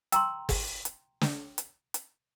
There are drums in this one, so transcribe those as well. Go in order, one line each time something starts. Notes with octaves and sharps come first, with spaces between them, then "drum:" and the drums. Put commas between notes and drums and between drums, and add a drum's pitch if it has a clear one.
G5 A#5 C6 E6, drum: hi-hat
drum: kick, open hi-hat
drum: hi-hat
drum: snare
drum: hi-hat
drum: hi-hat